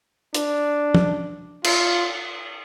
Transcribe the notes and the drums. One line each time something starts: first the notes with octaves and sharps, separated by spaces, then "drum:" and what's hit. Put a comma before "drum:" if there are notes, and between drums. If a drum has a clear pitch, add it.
D4, drum: hi-hat
drum: tom
F4, drum: cymbal